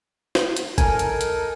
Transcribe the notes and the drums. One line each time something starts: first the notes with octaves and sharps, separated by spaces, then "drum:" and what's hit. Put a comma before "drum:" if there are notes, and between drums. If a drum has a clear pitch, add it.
drum: snare
drum: hi-hat
D#4 A4 A#4 G#5, drum: kick, hi-hat
drum: hi-hat
drum: hi-hat